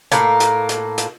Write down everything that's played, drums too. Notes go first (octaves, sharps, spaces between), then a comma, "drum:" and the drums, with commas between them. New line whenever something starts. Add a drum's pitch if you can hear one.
A2 A#3, drum: hi-hat
drum: hi-hat
drum: hi-hat
drum: hi-hat